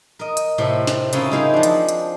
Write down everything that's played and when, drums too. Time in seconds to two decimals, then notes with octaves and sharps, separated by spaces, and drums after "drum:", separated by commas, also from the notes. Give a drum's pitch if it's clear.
0.19 A#4 D#5
0.37 drum: hi-hat
0.58 A2 C3 A3 C4
0.87 drum: snare
1.13 C#3 A#3 C4 C#4 E4 F4, drum: hi-hat
1.31 D#4 E4 G#4 A#4 C5 F5
1.54 F3 D4
1.63 drum: hi-hat
1.89 drum: hi-hat